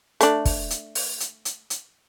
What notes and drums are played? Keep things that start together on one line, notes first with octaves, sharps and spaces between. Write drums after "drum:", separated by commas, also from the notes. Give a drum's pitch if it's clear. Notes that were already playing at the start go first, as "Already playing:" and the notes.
A3 D4, drum: hi-hat
drum: kick, open hi-hat
drum: hi-hat
drum: open hi-hat
drum: hi-hat
drum: hi-hat
drum: hi-hat